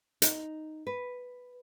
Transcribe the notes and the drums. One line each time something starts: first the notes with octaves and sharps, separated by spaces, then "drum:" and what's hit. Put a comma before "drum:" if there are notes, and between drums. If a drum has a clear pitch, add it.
D#4, drum: hi-hat
B4